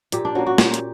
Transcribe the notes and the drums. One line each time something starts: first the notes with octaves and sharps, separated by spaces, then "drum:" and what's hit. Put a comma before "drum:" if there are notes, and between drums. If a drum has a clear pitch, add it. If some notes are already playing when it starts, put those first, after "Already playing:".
A#2 G4, drum: hi-hat
D4
A#3 C#4 F#4
F#4
A#2 G4, drum: snare
drum: hi-hat